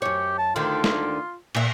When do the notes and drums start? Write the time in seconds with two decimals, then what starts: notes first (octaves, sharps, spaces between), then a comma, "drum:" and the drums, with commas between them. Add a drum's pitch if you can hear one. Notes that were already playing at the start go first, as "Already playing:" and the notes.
0.02 F#2 G4 C#5
0.38 A5
0.56 D2 D3 D#3 F4
0.84 drum: snare
1.55 A#2 E5, drum: cymbal